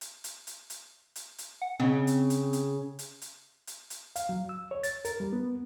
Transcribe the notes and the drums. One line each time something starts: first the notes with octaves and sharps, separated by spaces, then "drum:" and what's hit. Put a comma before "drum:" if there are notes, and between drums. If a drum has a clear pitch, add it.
drum: hi-hat
drum: hi-hat
drum: hi-hat
drum: hi-hat
drum: hi-hat
drum: hi-hat
F#5
C#3 C4
drum: hi-hat
drum: hi-hat
drum: hi-hat
drum: hi-hat
drum: hi-hat
drum: hi-hat
drum: hi-hat
F5, drum: hi-hat
F#3
E6
C#5
A6, drum: hi-hat
A#4, drum: hi-hat
G3
B3